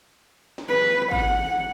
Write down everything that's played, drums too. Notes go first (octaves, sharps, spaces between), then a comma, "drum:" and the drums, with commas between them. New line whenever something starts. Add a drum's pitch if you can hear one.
drum: snare
B4
F#5, drum: kick G#1